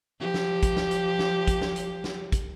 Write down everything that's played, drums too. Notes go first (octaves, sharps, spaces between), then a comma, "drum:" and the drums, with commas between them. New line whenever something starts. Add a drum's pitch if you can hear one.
F3 G4
drum: snare
drum: kick, hi-hat
drum: snare
drum: hi-hat
drum: snare
drum: kick, hi-hat
drum: snare
drum: hi-hat
drum: snare
drum: kick, hi-hat